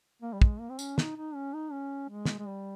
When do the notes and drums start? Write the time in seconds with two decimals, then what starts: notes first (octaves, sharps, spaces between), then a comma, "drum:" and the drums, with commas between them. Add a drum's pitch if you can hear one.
0.22 A#3
0.33 G3
0.42 G#3, drum: kick
0.60 A#3
0.70 C4
0.79 C#4, drum: tambourine
0.98 D#4, drum: snare
1.16 D#4
1.35 C#4
1.54 D#4
1.72 C#4
2.09 G#3
2.25 drum: snare
2.38 G#3
2.47 G3